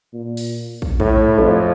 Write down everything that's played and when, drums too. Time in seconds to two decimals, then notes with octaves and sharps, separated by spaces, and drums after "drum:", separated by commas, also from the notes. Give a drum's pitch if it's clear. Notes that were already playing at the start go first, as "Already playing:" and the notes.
0.13 A#2
0.37 drum: open hi-hat
0.82 drum: kick
1.00 A2, drum: kick
1.41 F2